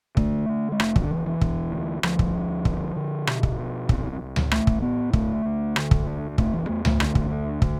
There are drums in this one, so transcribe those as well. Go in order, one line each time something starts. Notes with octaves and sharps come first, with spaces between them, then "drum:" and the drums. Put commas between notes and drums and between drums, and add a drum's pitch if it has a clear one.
D3 A3, drum: kick
D3
G#3
F1 A3, drum: rim click
F3, drum: kick
D3
F1 E3
E3
E1, drum: kick
D2
D2 F3, drum: rim click
drum: kick
D2
D3, drum: kick
D3
B2, drum: rim click
drum: kick
B2
C2, drum: kick
C2
drum: tom C#2
A1 A3, drum: rim click
drum: kick
A2 B3
D2 A3, drum: kick
D2
D3, drum: rim click
drum: kick
D2
F1 A3, drum: kick
E3
E2 A3
A3, drum: tom C#2
D3, drum: rim click
drum: kick
D2
drum: kick